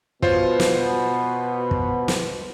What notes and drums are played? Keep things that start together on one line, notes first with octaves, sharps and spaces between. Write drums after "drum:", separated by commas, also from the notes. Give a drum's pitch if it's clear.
B2 B3 F4 C5 C#5, drum: kick
drum: snare
drum: kick
drum: snare